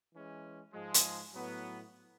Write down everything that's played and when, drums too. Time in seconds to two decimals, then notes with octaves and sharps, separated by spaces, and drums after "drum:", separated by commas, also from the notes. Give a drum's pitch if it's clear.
0.12 E3 G#3 C#4
0.73 G#2 F3 G#3
0.94 drum: hi-hat
1.33 A2 F#3 B3